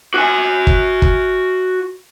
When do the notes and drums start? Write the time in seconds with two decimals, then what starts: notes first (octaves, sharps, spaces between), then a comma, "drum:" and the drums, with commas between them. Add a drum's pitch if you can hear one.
0.14 F#4 G#5
0.67 drum: kick
1.02 drum: kick